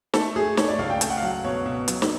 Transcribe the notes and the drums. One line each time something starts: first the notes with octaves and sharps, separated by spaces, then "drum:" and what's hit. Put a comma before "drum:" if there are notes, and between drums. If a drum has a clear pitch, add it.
A3 A4, drum: snare
A3 G#4
A3 C#5, drum: snare
D5
C#2 F5
G5
A3 G5, drum: hi-hat
F#5
F5
F#3 F#5
B2 C#5
B2
F#3, drum: hi-hat
drum: snare